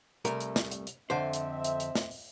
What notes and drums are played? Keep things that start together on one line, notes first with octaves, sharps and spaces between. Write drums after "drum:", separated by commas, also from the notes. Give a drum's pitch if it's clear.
C2 A3 A#4, drum: hi-hat
drum: hi-hat
drum: snare
drum: hi-hat
drum: hi-hat
F2 D3 C4 C5 D#5 E5
drum: hi-hat
drum: hi-hat
drum: hi-hat
drum: snare
drum: open hi-hat